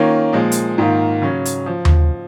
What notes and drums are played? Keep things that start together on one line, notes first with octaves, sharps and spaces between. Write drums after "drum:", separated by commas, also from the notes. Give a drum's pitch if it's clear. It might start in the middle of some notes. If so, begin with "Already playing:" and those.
Already playing: D#3 A#3 C#4 F4
A#2 F3 G#3
drum: hi-hat
G#2 D#3 A#3 F4
C#3 F#3 C#4
drum: hi-hat
F3
drum: tom D#2